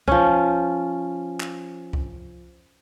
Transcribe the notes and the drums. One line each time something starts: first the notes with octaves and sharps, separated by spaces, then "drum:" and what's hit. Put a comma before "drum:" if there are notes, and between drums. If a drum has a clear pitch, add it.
F3 C#4, drum: kick C2
drum: clap
drum: kick C2